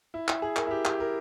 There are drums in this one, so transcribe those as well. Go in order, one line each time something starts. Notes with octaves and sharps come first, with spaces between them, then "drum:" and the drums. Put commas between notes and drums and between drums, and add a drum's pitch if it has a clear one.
E4
E4, drum: clap
G#4
A#4, drum: clap
E4
G4
G4, drum: clap
A#4